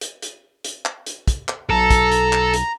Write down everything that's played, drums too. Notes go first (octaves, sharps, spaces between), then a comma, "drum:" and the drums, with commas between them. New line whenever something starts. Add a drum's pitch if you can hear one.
drum: hi-hat
drum: hi-hat
drum: hi-hat
drum: clap
drum: hi-hat
drum: kick, hi-hat
drum: clap
B1 A4 A#5
drum: kick, hi-hat
drum: hi-hat
drum: clap
drum: hi-hat